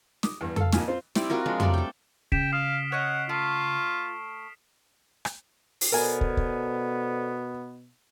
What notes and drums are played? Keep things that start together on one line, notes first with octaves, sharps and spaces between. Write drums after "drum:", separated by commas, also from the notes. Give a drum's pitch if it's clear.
D6 D#6, drum: snare
E2 G2
A4 F5, drum: tom F2
F2 A#2 G#5 F6, drum: snare
C4 F4 C5
G3 C4 E4 D5, drum: snare
C4 F4 F#4 A#4
F3 G#3 D4
F#3 G3 A3 D5, drum: tom F2
A4 G5
C#3 G5 B6 D7 E7, drum: kick
F5 D#6 F6 C7
C#5 D#5 F#5
A3 F4
drum: rim click
drum: open hi-hat
B2 B3 A4 A#4 C5 D5 G#5
drum: kick
drum: kick